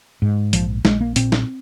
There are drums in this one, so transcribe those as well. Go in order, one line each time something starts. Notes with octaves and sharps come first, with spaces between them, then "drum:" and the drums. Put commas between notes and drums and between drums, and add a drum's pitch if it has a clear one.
G#2
A#1 F3, drum: hi-hat
A#1 G#3, drum: snare
A#3
A#2 C4, drum: hi-hat
drum: snare